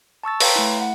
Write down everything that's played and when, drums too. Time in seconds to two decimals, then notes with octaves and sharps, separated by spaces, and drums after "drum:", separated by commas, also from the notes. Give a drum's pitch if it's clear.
0.23 A5 C#6 E6 A6
0.40 B4 C#5 F5 G5 A#5 C6, drum: open hi-hat
0.56 A3 E4
0.80 F#5